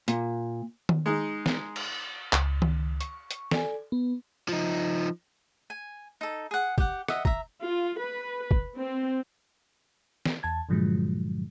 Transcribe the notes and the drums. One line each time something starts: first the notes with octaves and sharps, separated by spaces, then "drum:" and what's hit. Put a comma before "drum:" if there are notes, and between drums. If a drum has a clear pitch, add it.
A#2, drum: hi-hat
drum: tom D#3
G#3 D#4
drum: snare
drum: cymbal
C#2, drum: clap
drum: tom D#3
C#6, drum: hi-hat
drum: hi-hat
A4 D5 G#5, drum: snare
B3
F3 D#4
G#5
D#4 A4
G#4 F#5
G4 F#5, drum: kick
D#5 E5 F#5, drum: rim click
E5 A#5, drum: kick
F4
B4
drum: kick
C4
drum: snare
E2 A5 G#6
G2 A#2 D3 F3 F#3 G#3